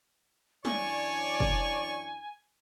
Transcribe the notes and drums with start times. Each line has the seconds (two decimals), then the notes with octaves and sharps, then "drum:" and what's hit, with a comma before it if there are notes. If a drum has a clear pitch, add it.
0.65 F#2 E3 D4 C#5 D5 G#5 C#6, drum: snare
1.40 drum: kick